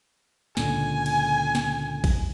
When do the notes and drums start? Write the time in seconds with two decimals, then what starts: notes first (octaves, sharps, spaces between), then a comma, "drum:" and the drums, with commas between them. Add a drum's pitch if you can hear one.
0.57 C#2 A#2 D3 G#5, drum: snare
1.06 drum: cymbal
1.55 drum: snare
2.04 drum: kick A#1, cymbal